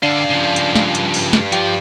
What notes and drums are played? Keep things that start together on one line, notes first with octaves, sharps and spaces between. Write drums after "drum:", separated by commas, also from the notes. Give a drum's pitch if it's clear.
G2 D3 D4 F5
C#3 F3
drum: hi-hat
drum: snare
drum: hi-hat
drum: open hi-hat
drum: snare
F3 G4, drum: hi-hat